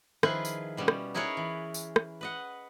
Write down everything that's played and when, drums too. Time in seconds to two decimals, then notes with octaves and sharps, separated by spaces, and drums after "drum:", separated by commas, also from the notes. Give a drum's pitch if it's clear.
0.23 D#3 F3 E4 F4 G#4 B4, drum: rim click
0.45 drum: tambourine
0.77 B2 G3 B3 C#4
0.88 drum: rim click
1.14 D#4 E4 G#4 A#4 B4 C#5
1.37 E3
1.74 drum: tambourine
1.96 drum: rim click
2.21 B4 D#5 F#5